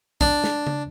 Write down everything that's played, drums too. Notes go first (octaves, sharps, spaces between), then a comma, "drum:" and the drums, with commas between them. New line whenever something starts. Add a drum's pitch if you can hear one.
D4, drum: kick
drum: snare
drum: tom C#3